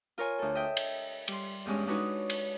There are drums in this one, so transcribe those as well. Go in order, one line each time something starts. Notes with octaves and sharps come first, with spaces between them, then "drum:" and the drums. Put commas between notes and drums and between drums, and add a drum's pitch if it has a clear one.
F4 A#4 C#5 G#5
D2 A4
D#5 E5 G5
drum: cymbal
G3 C6, drum: cymbal
E2 G2 G#3 C#4
G#3 D4 D#4 F#4 B4 C#5
drum: cymbal